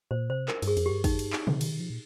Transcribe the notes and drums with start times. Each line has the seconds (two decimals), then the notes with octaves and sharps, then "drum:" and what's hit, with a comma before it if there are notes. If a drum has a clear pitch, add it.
0.11 A#2 C5
0.30 C3 C5
0.48 A#4, drum: clap
0.62 G2, drum: cymbal
0.67 G#4
0.77 F2, drum: cymbal
0.86 G2 G4
1.04 F2 D#4, drum: kick, cymbal
1.19 G2, drum: cymbal
1.33 drum: clap
1.47 C3, drum: tom
1.61 D#3, drum: cymbal
1.79 F3
1.90 A#2